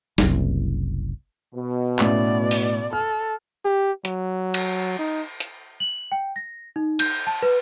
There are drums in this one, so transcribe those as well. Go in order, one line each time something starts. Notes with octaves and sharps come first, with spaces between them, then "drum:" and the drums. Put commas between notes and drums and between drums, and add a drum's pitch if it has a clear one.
F#1 C2, drum: snare
B2
A2 C#4 D5, drum: clap
drum: open hi-hat
A4 F6
G4
F#3, drum: hi-hat
drum: cymbal
D#4
drum: hi-hat
F#7
G5
A#6
D#4
G6, drum: cymbal
A5
B4